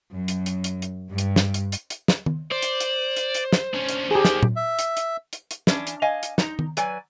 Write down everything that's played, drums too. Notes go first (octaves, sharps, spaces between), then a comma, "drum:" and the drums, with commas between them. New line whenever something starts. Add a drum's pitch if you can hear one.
F#2
drum: hi-hat
drum: hi-hat
drum: hi-hat
drum: hi-hat
G2
drum: hi-hat
drum: snare
drum: hi-hat
drum: hi-hat
drum: hi-hat
drum: snare
drum: tom D#3
C5 D5
drum: hi-hat
drum: hi-hat
drum: hi-hat
drum: hi-hat
drum: snare
C#4 D4
drum: hi-hat
D#3 A#3 G4 G#4
drum: snare
drum: tom A#2
E5
drum: hi-hat
drum: hi-hat
drum: hi-hat
drum: hi-hat
E3 C#4 D4, drum: snare
drum: hi-hat
D#5 F5 G#5
drum: hi-hat
D#4 A#5, drum: snare
drum: tom D#3
F#3 B4 D5 G#5, drum: hi-hat